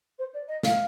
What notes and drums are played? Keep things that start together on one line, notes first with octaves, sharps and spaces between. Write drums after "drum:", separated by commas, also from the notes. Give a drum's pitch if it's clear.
C5
D5
D#5
F5, drum: snare